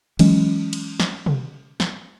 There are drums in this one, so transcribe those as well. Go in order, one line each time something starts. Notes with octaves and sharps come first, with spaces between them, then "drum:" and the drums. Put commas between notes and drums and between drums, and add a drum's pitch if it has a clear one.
E3 F#3 G#3 C#4, drum: cymbal
drum: cymbal
drum: snare
drum: tom
drum: snare